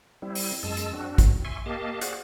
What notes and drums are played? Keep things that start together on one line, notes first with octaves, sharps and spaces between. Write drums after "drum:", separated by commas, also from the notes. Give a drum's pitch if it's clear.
G3 C4 E4
drum: open hi-hat
F#2 G#3 A5 E6
drum: hi-hat
C4 D4 F#4
drum: kick, hi-hat
E5 G#5 C6 C#6
A#3 G4 D#5 F5 A5
F#4 G#4 C5 D5 F5 F#5, drum: hi-hat